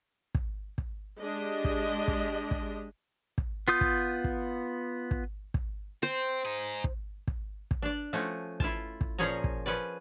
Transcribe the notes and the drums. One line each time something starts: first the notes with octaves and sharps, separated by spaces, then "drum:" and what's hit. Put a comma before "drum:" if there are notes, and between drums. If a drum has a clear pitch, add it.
drum: kick
drum: kick
G#3 D4 G4 D#5
drum: kick
drum: kick
drum: kick
drum: kick
B3 F4 D#6 G6
drum: kick
drum: kick
drum: kick
drum: kick
C4 C5
D#4 G#4
drum: kick
drum: kick
drum: kick
D4 D5
F3 A3 C#4 F#4
E4 F4 A5, drum: kick
drum: kick
A#2 F3 C#4 G#4 C#5 A#5
drum: kick
F3 C#4 B4 D5